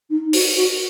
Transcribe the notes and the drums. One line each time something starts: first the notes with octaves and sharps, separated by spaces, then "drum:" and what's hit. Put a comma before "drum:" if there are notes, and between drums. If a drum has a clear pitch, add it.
D#4
F#4, drum: open hi-hat
F#4